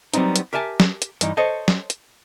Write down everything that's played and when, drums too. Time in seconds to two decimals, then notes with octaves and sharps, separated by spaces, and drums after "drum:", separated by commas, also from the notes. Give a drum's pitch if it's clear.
0.14 F#3 G3 B3 C4 D#4, drum: hi-hat
0.36 drum: hi-hat
0.53 G4 A#4 E5 G#5 A5
0.80 drum: snare
1.02 drum: hi-hat
1.21 G2 E3 D#4, drum: hi-hat
1.37 A4 C5 C#5 D#5
1.68 drum: snare
1.90 drum: hi-hat